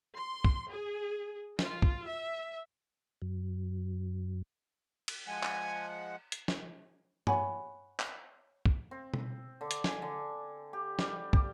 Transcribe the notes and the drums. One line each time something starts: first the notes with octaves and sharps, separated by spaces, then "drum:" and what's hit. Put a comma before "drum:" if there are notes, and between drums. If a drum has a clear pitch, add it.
C6
drum: kick
G#4
F4, drum: snare
drum: kick
E5
F#2
drum: cymbal
F3 G#3 F#5 G#5
drum: clap
drum: hi-hat
drum: snare
C#5 F#5 G#5 B5, drum: tom G2
drum: clap
drum: kick
C4
drum: tom B2
D3
drum: hi-hat
G#5, drum: snare
D3
G4
G3, drum: snare
G4, drum: kick